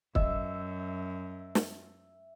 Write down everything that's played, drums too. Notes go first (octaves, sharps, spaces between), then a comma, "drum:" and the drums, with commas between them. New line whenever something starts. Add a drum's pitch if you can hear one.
F#2 D#5 E5, drum: kick
drum: snare